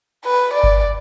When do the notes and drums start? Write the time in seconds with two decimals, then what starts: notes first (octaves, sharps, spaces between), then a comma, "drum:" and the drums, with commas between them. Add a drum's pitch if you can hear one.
0.25 B4
0.54 D5
0.63 drum: kick G1